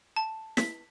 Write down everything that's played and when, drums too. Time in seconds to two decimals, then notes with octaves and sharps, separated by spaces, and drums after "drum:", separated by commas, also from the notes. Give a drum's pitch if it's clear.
0.16 A5
0.57 B6, drum: snare